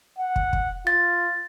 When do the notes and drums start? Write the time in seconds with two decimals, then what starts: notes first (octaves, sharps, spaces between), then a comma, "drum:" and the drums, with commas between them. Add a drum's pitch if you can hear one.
0.19 F#5
0.36 drum: kick
0.53 drum: kick
0.87 F4 A6